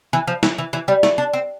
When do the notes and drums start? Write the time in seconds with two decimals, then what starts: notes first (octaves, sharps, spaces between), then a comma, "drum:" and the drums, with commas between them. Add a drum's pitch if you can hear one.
0.13 E3
0.27 F3
0.43 E3, drum: snare
0.58 E3
0.73 E3
0.88 G3
1.03 A3, drum: snare
1.18 D4
1.33 C4